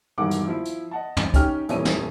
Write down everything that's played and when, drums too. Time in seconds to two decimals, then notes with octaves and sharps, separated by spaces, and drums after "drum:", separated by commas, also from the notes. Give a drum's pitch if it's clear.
0.18 E1 E2 G2 D#3 F#5 D6
0.31 drum: hi-hat
0.47 F3 E4
0.65 drum: hi-hat
0.91 D#5 F#5 A5
1.17 drum: tom
1.34 C#4 D#4 G4 G5 F6, drum: kick, hi-hat
1.69 D#1 F2 E3 C#5 E5 D#7, drum: hi-hat
1.85 drum: snare